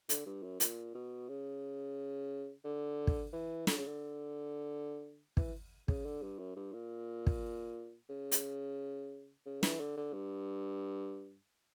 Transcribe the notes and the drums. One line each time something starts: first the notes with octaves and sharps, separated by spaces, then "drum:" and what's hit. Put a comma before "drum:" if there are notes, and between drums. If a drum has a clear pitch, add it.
D3, drum: hi-hat
G2
F#2
A#2, drum: hi-hat
B2
C#3
D3
drum: kick
E3
D3, drum: snare
C#3
D3
E3, drum: kick
C#3, drum: kick
D3
G2
F#2
G2
A#2
drum: kick
C#3
drum: hi-hat
C#3
E3, drum: snare
D3
D3
G2